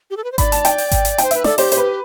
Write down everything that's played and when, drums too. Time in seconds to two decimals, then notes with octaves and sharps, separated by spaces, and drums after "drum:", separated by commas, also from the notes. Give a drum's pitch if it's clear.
0.10 G4
0.17 A4
0.24 B4
0.32 C5
0.38 D5 B5, drum: kick G#1, hi-hat
0.52 A5, drum: hi-hat
0.65 G5, drum: hi-hat
0.78 drum: open hi-hat
0.92 drum: kick G#1, hi-hat
1.05 drum: hi-hat
1.18 C5 G5, drum: hi-hat
1.31 B4 E5, drum: hi-hat
1.44 A4 D5, drum: snare
1.58 G4 C5, drum: open hi-hat
1.72 C5, drum: hi-hat
1.77 B4